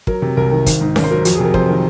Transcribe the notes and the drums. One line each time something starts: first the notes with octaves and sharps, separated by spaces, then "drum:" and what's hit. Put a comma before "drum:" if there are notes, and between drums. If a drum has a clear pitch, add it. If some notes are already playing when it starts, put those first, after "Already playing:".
F#3 A#4, drum: kick
C3
C2 A#4
D#3
G#1, drum: kick, hi-hat
G#2
G#1 A#4, drum: snare C#4
C5
F#3 A#4
F2 F#4, drum: hi-hat
G#4
C3 A#4
F2 C5, drum: kick
D#3 A#4